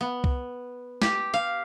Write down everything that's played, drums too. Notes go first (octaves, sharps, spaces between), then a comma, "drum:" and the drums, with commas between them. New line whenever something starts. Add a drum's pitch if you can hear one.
B3
drum: kick C2
G4, drum: snare
F5